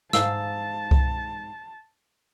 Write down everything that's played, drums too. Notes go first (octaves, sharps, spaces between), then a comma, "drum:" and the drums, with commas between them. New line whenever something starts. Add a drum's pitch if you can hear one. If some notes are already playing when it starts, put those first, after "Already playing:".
G#2 F5 A5 E6, drum: snare
drum: kick C2